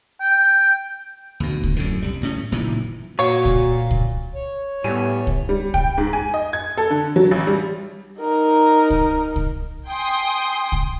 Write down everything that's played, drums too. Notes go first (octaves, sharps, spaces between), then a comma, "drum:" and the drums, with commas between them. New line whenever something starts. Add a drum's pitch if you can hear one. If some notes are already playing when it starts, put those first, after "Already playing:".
G5
D2 B2
drum: kick C2
F#2 A2 D3
C2 G3
D2 A2 C#4
F#1 A#2 D#3 E3
A#2 F#4 C#5 F5
drum: kick C2
drum: kick C2
C#5
A2 G3 B3 G#5 D#7
drum: kick C2
G3
G5, drum: kick C2
G#2
G#5
D#5
G#6
A4
D3
F#3
A1
G3
D#4 A#4
drum: kick C2
drum: kick C2
G5 G#5 C6 D#6
drum: kick C2